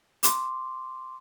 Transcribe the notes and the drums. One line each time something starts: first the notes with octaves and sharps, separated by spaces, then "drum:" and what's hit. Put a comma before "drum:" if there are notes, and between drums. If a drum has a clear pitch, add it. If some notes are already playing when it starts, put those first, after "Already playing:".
C6 D6, drum: hi-hat